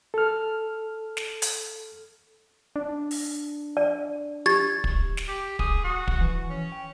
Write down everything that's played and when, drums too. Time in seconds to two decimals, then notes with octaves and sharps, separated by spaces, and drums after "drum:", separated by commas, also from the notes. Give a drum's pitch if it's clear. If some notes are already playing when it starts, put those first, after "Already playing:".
0.14 A4 F6
1.17 drum: snare
1.42 drum: hi-hat
2.76 D4
3.11 drum: open hi-hat
3.77 D5
4.46 G4 G#6 A6
4.84 drum: kick
5.17 drum: snare
5.28 G4
5.59 G#4, drum: kick
5.84 F#4
6.07 drum: kick
6.21 E3
6.50 C#4
6.72 G5